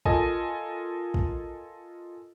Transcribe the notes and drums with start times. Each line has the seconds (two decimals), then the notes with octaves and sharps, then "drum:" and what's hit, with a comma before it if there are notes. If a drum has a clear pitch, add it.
0.05 F4 A4 A#4 D#5 G#5 A5, drum: kick
1.14 drum: kick